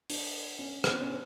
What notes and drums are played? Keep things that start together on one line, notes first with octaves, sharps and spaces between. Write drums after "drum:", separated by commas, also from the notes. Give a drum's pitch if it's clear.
D4, drum: open hi-hat
C#4
B3, drum: rim click
C4
C#4
D4